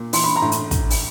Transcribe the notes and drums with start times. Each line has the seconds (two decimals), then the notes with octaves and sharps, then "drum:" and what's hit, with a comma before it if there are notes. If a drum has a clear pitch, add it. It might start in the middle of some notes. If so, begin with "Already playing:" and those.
Already playing: A#2
0.13 E3 C6, drum: open hi-hat
0.24 B5
0.36 A#5 C6
0.42 A2
0.52 drum: hi-hat
0.71 drum: kick, hi-hat
0.90 drum: open hi-hat